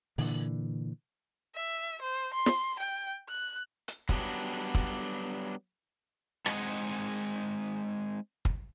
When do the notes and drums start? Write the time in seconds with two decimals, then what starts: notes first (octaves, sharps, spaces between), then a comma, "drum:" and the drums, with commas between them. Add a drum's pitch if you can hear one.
0.18 A#2 D3 E3, drum: open hi-hat
1.55 E5
2.01 C5
2.34 C6
2.46 drum: snare
2.79 G5
3.29 F#6
3.88 drum: hi-hat
4.09 F#3 G3 B3 D4, drum: kick
4.75 drum: kick
6.46 G#3 C4 D#4 G#4 D#5 F#5, drum: rim click
8.45 drum: kick